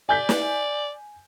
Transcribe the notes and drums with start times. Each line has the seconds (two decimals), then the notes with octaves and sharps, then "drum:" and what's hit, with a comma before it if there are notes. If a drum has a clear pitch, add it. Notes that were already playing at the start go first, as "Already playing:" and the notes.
0.09 D5 G#5 G6 B6
0.29 drum: snare